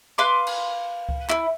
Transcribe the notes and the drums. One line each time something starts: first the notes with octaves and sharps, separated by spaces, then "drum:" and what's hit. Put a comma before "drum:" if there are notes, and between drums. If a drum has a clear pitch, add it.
B4 F5 C6 D6
drum: cymbal
drum: kick C#2
E4, drum: clap